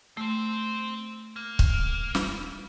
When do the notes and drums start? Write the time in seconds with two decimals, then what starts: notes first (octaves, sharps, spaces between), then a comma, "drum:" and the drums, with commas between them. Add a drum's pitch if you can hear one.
0.17 A3 C4 C5
1.36 A#3
1.59 drum: kick C#1
2.15 drum: snare